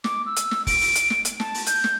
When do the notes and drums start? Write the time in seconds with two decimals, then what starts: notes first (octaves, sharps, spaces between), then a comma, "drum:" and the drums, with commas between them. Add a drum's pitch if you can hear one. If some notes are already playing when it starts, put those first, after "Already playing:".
0.04 D6, drum: snare
0.26 E6
0.37 drum: hi-hat
0.51 drum: snare
0.67 D7, drum: kick F#1, open hi-hat
0.81 drum: open hi-hat
0.95 drum: hi-hat
1.10 drum: snare
1.25 drum: hi-hat
1.40 A5, drum: snare
1.54 drum: open hi-hat
1.67 G6, drum: hi-hat
1.84 drum: snare